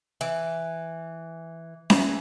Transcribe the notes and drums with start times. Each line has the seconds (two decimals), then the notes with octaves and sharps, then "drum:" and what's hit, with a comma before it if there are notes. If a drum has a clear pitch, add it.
0.21 E3
1.90 E3, drum: snare C#4